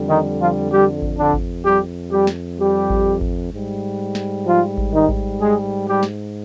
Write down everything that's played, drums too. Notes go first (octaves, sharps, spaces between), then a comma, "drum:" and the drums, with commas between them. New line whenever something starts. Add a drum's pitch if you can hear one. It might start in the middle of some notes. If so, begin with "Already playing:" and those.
Already playing: F2 D3 G3
D#3 D#4
F3 F4
G3 G4
drum: kick G#1
D3 D4
drum: kick G#1
G3 G4
G3 G4
drum: snare
G3 G4
drum: kick G#1
drum: kick G#1
G#2 G3
drum: snare
F3 F4
drum: kick G#1
D#3 D#4
drum: kick G#1
G#3 G#4
G3 G4
drum: snare